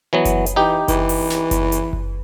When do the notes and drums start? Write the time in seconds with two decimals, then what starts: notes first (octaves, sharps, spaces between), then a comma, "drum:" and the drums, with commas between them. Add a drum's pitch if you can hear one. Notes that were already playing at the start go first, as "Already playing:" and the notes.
0.13 E3 F#3 B3
0.25 drum: kick F#1, hi-hat
0.46 drum: hi-hat
0.56 E3 D#4 G4
0.88 E3, drum: kick F#1, hi-hat
1.09 drum: open hi-hat
1.30 drum: snare
1.51 drum: kick F#1, hi-hat
1.72 drum: hi-hat
1.93 drum: kick F#1